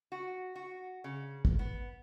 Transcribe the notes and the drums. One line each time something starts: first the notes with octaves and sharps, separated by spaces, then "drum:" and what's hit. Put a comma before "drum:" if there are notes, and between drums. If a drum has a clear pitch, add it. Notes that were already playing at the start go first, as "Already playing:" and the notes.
F#4
F#4
C#3
drum: kick
B3